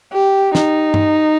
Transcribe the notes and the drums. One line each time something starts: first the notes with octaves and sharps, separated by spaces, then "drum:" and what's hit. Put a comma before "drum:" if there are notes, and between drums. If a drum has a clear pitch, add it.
G4
D#4, drum: snare
drum: tom G2